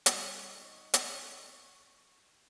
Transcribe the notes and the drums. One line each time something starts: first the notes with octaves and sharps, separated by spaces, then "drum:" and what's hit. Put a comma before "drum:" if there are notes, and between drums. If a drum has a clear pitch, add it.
G3 D#4 F4 F#4 D#5 F5 C#6, drum: hi-hat
drum: hi-hat